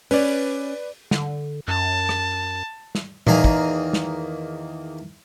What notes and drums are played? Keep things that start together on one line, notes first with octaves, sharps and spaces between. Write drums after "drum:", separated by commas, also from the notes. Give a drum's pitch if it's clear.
C#4 B4 D5, drum: open hi-hat
D3, drum: snare
F#2 A5
drum: rim click
drum: snare
E2 D#3 A#3 G#4 A#5, drum: tom A#2
drum: kick
drum: snare